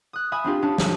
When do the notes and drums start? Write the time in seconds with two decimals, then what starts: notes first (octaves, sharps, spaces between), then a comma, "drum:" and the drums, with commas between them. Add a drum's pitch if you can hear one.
0.13 D#6 F#6
0.32 E5 G#5 B5 D#6
0.44 C4 D4 F4 G4
0.62 C#4 D4 A5
0.78 C#4, drum: snare